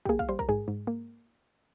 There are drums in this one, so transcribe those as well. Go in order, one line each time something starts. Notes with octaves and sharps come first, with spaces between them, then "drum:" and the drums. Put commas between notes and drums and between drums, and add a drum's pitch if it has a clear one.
G4, drum: kick
A#3 G#4
F5, drum: kick
G3 C5
A#4, drum: kick
G#2 G#4
G#2
A#3